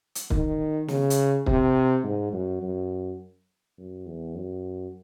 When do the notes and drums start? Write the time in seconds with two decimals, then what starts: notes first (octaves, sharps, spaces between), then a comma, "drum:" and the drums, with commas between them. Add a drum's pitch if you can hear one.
0.15 drum: hi-hat
0.30 D#3, drum: kick
0.88 C#3, drum: snare
1.10 drum: hi-hat
1.46 C3, drum: kick
2.04 G#2
2.33 F#2
2.62 F#2
3.78 F#2
4.06 E2
4.35 F#2